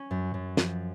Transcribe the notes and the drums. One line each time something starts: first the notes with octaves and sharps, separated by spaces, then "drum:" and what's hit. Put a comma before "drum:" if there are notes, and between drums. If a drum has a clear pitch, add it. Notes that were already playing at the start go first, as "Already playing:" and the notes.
Already playing: C#4
F#2
F#2
F3, drum: snare